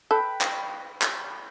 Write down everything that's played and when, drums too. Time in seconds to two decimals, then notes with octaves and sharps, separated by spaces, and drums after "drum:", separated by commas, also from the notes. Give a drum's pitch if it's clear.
0.11 A4 B4 G5
0.41 drum: clap
1.02 drum: clap